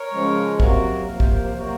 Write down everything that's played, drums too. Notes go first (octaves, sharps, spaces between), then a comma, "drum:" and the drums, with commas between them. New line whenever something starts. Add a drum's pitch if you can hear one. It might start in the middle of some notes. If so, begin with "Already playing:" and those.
Already playing: A#4 C#5
C#3 F3 G#3
C3 F#3 A#3 F#4 A#4, drum: kick
C3 F3 A#3 A#4
C5, drum: kick
A#4
C5
C3 F#3 A#3 F#4 A#4